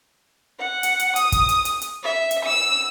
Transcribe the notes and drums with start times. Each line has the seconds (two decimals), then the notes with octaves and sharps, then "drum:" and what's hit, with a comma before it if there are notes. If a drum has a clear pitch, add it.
0.59 F#5
0.83 drum: hi-hat
1.00 drum: hi-hat
1.16 D#6, drum: hi-hat
1.32 drum: kick, hi-hat
1.49 drum: hi-hat
1.65 drum: hi-hat
1.82 drum: hi-hat
2.03 E5
2.31 drum: hi-hat
2.45 E6